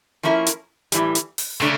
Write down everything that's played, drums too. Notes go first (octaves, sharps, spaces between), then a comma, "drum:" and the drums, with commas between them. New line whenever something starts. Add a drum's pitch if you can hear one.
F3 A#3 C#4 E4 A#4
drum: hi-hat
A2 E3 G3, drum: hi-hat
drum: hi-hat
drum: open hi-hat
A#2 C#3 A3 D4